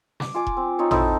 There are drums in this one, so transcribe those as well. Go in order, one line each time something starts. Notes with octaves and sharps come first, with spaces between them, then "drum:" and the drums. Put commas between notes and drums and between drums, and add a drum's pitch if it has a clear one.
D6, drum: snare
F4 G#5 D6
drum: kick E1
C4
C4 D#4 F4 C#5
C4 D#4 E4 A4, drum: tom